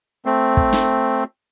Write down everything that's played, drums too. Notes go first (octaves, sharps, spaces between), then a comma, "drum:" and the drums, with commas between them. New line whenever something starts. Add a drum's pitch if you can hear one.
A3 C4
drum: kick
drum: snare